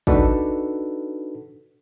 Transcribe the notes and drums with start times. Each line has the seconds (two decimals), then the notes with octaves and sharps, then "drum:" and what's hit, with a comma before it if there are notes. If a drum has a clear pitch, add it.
0.07 D4 D#4 F#4 A4 B4, drum: kick